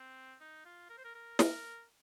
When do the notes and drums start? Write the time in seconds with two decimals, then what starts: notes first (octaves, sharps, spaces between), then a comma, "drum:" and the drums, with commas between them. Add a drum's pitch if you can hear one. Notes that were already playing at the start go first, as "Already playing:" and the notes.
Already playing: C4
0.40 D#4
0.65 F4
0.89 A#4
0.98 C5
1.05 A#4
1.15 A#4
1.39 A#4, drum: snare